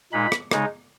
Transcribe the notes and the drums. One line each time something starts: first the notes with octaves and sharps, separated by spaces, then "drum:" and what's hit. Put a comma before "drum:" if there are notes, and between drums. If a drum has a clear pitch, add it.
A#2 G#3 D#4 B5
drum: rim click
C#3 G#3 D#4, drum: rim click